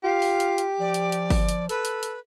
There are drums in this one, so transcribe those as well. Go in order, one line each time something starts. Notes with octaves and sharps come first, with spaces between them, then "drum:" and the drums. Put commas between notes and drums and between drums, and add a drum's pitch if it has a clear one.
F4 G4 F5
drum: open hi-hat
drum: hi-hat
drum: hi-hat
F3 D5
drum: hi-hat
drum: hi-hat
drum: kick, open hi-hat
drum: hi-hat
A4 B4, drum: hi-hat
drum: hi-hat
drum: hi-hat